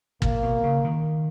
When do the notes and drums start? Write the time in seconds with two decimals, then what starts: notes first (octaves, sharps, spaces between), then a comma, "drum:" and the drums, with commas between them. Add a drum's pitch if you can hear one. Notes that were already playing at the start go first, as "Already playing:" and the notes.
0.22 A#2 A#3, drum: kick
0.43 B2
0.63 C#3
0.84 D#3